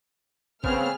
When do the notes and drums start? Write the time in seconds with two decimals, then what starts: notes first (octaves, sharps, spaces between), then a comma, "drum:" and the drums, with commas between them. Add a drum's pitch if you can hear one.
0.64 C#3 B3 C4 G#4 F6, drum: kick G#1